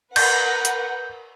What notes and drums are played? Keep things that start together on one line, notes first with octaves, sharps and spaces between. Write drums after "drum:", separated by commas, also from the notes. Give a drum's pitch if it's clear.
A#4 B4 F#5 G6, drum: cymbal
drum: hi-hat